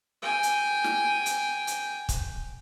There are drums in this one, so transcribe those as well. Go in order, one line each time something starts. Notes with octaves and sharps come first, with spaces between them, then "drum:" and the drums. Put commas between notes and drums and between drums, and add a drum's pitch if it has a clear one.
G5 G#5
drum: hi-hat
drum: snare
drum: hi-hat
drum: hi-hat
drum: kick, hi-hat